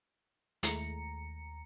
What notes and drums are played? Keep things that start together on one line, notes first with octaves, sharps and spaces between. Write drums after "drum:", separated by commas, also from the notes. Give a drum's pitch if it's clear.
D#2 G#3 A3 E4 A#5 C#7, drum: hi-hat